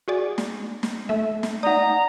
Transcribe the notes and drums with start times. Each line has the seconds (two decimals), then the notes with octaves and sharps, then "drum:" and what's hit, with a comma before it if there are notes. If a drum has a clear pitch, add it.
0.08 F#4 G#4 D5
0.38 drum: snare
0.83 drum: snare
1.09 A3 E5
1.43 drum: snare
1.63 D#4 D5 F#5 A#5 D#6